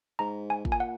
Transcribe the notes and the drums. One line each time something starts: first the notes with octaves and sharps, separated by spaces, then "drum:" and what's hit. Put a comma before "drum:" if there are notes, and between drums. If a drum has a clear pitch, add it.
G#2 A#5
G#5
A#2, drum: kick
G#5
F#5